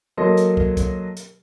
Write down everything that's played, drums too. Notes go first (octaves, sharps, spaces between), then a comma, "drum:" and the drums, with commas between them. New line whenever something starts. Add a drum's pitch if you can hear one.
F#3 A#3 A4 D#5 C6
drum: hi-hat
drum: kick
drum: kick, hi-hat
drum: hi-hat